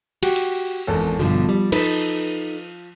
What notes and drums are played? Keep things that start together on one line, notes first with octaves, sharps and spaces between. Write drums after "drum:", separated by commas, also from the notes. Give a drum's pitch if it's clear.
F#4 G4, drum: cymbal
drum: hi-hat
G#1 E2 A4
G2 B2 D3 F3
G3
D#4 A4 B4, drum: cymbal